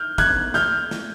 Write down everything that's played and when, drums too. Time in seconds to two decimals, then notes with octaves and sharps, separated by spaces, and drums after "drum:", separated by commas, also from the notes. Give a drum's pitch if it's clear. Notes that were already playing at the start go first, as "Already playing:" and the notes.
Already playing: F6 G6
0.18 F#6 G#6, drum: kick, hi-hat
0.54 F6 G6, drum: snare
0.91 drum: snare